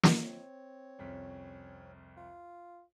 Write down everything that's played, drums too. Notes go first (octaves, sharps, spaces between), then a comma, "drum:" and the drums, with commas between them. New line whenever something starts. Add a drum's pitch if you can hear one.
drum: snare
C4 C#5
C2 F2 C#4 B6
F4